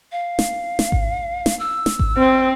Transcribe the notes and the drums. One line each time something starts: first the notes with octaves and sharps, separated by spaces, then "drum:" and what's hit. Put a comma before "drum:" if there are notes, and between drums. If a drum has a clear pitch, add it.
F5
drum: snare
drum: snare
drum: kick G#1
drum: snare
E6
drum: snare
drum: kick G#1
C4